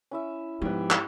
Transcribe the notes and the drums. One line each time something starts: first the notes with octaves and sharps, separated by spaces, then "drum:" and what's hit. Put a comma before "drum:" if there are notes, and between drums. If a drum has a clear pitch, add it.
C#4 E4 E5
G#2 F3 B3 G4
drum: clap